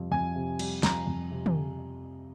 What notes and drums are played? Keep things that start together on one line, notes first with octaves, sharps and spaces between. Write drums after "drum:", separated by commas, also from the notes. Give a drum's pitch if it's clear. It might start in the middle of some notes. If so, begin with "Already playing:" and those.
Already playing: F2 C3 G3
F2 G#5
C3
G3, drum: cymbal
F2 A#5, drum: snare
F2
C3
drum: tom